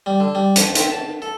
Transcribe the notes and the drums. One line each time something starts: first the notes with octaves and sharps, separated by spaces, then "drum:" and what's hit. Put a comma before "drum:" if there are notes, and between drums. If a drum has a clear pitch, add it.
G3
D3
G3
F2, drum: hi-hat
C4, drum: hi-hat
A5
A4